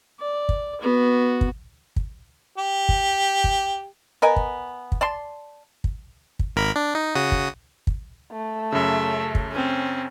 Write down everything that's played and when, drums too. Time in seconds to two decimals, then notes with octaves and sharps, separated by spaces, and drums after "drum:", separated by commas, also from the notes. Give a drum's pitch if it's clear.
0.20 D5
0.49 drum: kick
0.81 B3 F#4
1.41 drum: kick
1.96 drum: kick
2.58 G4
2.89 drum: kick
3.44 drum: kick
4.22 B3 A#4 D#5 G#5
4.36 drum: kick
4.92 drum: kick
5.01 D5 A5 C6
5.84 drum: kick
6.39 drum: kick
6.56 G#1 A#4 B5
6.76 D4
6.95 D#4
7.15 C#3 F#4 D#6
7.32 drum: kick
7.87 drum: kick
8.32 A3
8.72 F#2 C#3 E5
9.35 drum: kick
9.52 C4 C#4